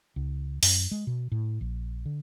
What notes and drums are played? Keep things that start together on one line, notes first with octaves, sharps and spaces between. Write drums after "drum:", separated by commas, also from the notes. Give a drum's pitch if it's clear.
C#2
F#2, drum: open hi-hat
G#3
B2
A2
A#1
D3